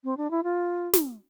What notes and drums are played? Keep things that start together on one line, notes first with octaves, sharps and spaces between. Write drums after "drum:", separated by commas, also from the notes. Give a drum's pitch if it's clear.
C4
D4
E4
F4
drum: snare